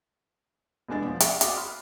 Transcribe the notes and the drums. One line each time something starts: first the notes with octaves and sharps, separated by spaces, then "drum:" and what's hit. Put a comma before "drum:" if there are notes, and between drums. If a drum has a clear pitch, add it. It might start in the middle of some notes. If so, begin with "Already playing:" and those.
F1 E2 G#3 D4 A6
B2 F3
E5 C#6 D6 F#6 A6 D7, drum: hi-hat
F#4 D6 D#6, drum: hi-hat
B5 C6 F6